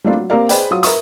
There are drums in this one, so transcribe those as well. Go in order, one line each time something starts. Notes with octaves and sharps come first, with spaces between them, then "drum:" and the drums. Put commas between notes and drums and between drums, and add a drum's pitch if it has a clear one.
G3 A3 A#3 C4 D4 F4
F#3
A#3 C4 G4 A#4 D5 F5
G#4 B4 C5 D5 D#5 G5, drum: hi-hat
F#3 F4 D#6
A#4 B4 E5 C#6 D#6, drum: hi-hat